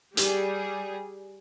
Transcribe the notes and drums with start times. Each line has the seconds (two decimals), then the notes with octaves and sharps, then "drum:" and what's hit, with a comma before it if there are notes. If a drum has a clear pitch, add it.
0.17 G3 G#4, drum: hi-hat